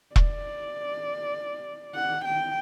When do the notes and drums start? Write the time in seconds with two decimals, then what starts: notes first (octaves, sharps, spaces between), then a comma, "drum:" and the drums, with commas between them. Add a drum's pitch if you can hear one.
0.16 D5, drum: kick E1
1.95 F#5
2.25 G5